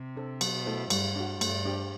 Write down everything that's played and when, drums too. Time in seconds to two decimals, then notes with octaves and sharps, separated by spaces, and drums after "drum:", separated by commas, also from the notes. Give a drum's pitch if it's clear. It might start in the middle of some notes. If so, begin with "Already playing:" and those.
Already playing: C3
0.16 D4 A4 C5
0.41 B2 F#3, drum: cymbal
0.66 A3 E4 A4 C5
0.90 G2 G3, drum: cymbal
1.16 D4 F#4
1.41 G2 A3, drum: cymbal
1.65 D4 G4 C5